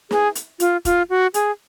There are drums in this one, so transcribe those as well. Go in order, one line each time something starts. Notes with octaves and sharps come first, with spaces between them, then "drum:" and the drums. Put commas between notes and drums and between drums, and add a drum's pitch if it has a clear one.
G#4, drum: snare
drum: hi-hat
F4, drum: hi-hat
F4, drum: kick E1, hi-hat
F#4
G#4, drum: hi-hat